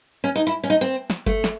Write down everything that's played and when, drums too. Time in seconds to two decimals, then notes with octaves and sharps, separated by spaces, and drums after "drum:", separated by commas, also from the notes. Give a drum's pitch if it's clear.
0.24 C#4
0.36 D#4
0.47 E4
0.64 C#4
0.70 D#4
0.81 C4
1.10 drum: snare
1.26 A3, drum: kick G1
1.44 drum: snare